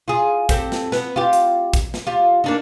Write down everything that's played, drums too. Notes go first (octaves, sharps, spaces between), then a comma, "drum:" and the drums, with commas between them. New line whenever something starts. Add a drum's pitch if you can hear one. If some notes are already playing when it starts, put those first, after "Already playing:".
F4 G#4
C4 G4 A4, drum: kick, hi-hat
drum: snare
B3, drum: snare
F4 G4
drum: hi-hat
drum: kick, hi-hat
drum: snare
F4 G4
A#3 D4 D#4